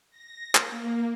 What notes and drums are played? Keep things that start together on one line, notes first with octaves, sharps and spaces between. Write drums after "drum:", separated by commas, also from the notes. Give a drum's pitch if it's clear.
A#6
A#3, drum: clap